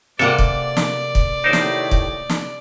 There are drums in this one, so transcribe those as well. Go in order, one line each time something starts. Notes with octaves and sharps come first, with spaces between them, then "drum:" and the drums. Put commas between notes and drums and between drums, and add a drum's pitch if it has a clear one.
C3 A#3 A4 D5 F#5
drum: kick
drum: snare
drum: kick
D#2 A2 D#4 A#4 C5 C#5
drum: snare
drum: kick
drum: snare